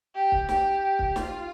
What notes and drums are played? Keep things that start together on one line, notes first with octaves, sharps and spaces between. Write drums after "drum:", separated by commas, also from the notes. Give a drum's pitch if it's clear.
G4
drum: kick
G4, drum: snare
drum: kick
F4, drum: snare